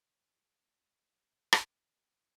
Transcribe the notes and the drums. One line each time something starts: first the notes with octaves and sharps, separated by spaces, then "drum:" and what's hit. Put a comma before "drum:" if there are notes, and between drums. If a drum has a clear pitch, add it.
B2 A3
drum: rim click